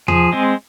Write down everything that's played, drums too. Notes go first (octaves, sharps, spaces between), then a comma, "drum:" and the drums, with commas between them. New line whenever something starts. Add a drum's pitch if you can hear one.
F3 G#4, drum: tom E2
G#3 C4